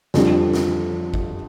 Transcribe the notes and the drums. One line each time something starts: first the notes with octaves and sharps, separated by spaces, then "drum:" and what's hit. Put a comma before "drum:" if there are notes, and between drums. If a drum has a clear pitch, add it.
F2 D3 G3, drum: snare
drum: snare
drum: kick G1